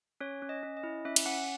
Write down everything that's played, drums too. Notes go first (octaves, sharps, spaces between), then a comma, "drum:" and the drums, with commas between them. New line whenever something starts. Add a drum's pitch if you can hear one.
C#4 C#5
C#4
D#5
C#4
D#5
E4
C#4 E5
drum: cymbal
C#4 F#5